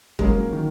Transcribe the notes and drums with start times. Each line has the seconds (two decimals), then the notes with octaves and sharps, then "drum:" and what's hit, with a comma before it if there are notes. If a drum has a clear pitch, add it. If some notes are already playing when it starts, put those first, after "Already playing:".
0.19 F#3 G#3 A#3 C#4 A#4 C#5, drum: kick
0.52 D#3